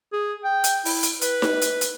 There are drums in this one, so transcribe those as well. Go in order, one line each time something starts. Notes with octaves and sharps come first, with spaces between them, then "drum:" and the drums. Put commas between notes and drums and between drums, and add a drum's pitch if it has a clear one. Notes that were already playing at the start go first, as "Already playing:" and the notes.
G#4
G5
drum: hi-hat
E4, drum: open hi-hat
drum: hi-hat
B4, drum: hi-hat
drum: snare D#4
drum: hi-hat
drum: hi-hat